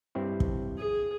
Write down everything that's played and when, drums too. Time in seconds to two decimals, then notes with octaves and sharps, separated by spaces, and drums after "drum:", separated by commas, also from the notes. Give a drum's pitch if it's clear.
0.15 G2 C4 E4
0.40 drum: kick
0.79 G#4